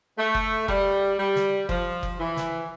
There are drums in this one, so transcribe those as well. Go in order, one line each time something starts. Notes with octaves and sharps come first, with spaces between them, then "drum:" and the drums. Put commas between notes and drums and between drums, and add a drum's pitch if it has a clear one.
A3
drum: kick F#1
G3, drum: kick F#1
G3
drum: snare
F3, drum: kick F#1
drum: kick F#1
E3
drum: snare